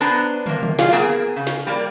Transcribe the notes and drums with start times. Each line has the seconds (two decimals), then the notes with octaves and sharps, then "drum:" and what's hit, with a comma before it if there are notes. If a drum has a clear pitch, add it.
0.01 B3 D4 C5 A5 A#5
0.46 C3 A#3, drum: tom
0.63 drum: tom
0.79 F#3 F4 G#4 D5 F5, drum: snare
0.92 A#3 B3 G#4
1.13 drum: hi-hat
1.36 C#3
1.47 drum: snare
1.67 G3 A#3 A#4 D5